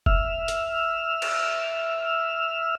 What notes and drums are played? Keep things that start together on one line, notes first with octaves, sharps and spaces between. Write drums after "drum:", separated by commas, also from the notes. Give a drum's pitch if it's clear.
E5 E6 F6, drum: kick F1
drum: hi-hat
drum: cymbal